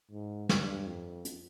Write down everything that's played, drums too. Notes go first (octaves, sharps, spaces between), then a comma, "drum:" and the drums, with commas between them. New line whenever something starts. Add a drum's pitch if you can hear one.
G#2
G2, drum: snare
F2
drum: hi-hat